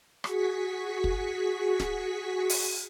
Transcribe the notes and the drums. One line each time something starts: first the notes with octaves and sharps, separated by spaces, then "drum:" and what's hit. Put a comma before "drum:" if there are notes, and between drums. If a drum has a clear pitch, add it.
F#4 G#4 C#6 B6, drum: rim click
drum: kick
drum: snare
drum: open hi-hat